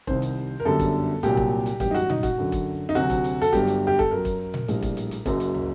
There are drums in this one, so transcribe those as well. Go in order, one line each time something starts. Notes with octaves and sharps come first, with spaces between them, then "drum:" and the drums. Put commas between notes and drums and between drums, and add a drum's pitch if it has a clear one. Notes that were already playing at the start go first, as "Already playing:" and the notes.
C2 C3 D#3 C5, drum: kick E1
drum: hi-hat
A#4
G1 F#2 D3 G3 A4
drum: kick E1, hi-hat
C2 A#2 F#3 G4, drum: hi-hat
drum: kick E1
drum: hi-hat
A1 G2 F#3 G4, drum: kick E1, hi-hat
D#4
F#4, drum: hi-hat
D#4, drum: tom A#2
F#4, drum: kick E1, hi-hat
F#2 D3 F#3
drum: kick E1, hi-hat
D#4
D2 C3 F#3 F#4, drum: hi-hat
drum: kick E1, hi-hat
drum: hi-hat
A4, drum: hi-hat
G1 G2 F#3 G4, drum: kick E1, hi-hat
drum: hi-hat
G4
A4, drum: kick E1
F#2 F#3 A#4
drum: kick E1, hi-hat
drum: tom A#2
A#1 A2 G3, drum: hi-hat
drum: kick E1, hi-hat
drum: hi-hat
drum: hi-hat
F#1 F#2 F#3, drum: kick E1, hi-hat
drum: hi-hat
drum: tom